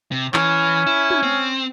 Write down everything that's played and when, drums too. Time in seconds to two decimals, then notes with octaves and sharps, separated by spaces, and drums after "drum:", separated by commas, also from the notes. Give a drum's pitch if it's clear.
0.11 C3
0.34 E3 C#4, drum: clap
0.87 E4
1.11 drum: tom
1.23 C4